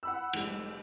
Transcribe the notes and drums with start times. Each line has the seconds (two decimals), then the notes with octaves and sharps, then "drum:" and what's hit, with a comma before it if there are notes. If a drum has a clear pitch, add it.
0.03 F#5 B5 E6
0.33 F1 G#2 G3, drum: cymbal